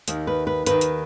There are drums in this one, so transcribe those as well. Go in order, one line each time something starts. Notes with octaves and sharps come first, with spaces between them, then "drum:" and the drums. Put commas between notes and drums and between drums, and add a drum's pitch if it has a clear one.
D#2 D#3, drum: hi-hat
B4
B4
D#2 D#3 B4, drum: hi-hat
drum: hi-hat